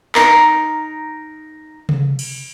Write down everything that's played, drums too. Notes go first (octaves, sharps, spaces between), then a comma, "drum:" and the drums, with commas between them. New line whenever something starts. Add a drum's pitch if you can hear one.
D#4 A#4, drum: clap
drum: tom C3
drum: cymbal